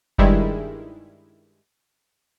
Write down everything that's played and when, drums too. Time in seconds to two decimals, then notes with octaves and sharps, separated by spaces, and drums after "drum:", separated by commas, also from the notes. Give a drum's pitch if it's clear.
0.18 G2 D#3 G3 G#3 E4, drum: kick F1